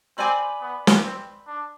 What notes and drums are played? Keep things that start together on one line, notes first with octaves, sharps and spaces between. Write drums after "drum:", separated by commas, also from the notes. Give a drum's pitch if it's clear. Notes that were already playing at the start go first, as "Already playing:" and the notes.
C4 B4 D5 G#5 D6
B3
drum: snare
C4
D4